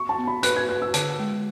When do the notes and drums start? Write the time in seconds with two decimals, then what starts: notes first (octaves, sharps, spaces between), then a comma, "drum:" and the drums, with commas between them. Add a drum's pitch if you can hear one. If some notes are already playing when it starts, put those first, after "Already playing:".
Already playing: C#6
0.09 A5
0.18 B3
0.27 B5
0.43 B4 F#6, drum: hi-hat
0.56 G#6
0.69 B4 F#6
0.82 E6
0.94 D3 A5, drum: hi-hat
1.19 G#3